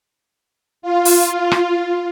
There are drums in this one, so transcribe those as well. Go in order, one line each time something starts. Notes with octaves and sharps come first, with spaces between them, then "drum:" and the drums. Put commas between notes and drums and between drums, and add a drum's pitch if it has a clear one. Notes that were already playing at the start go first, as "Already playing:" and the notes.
F4
drum: open hi-hat
drum: rim click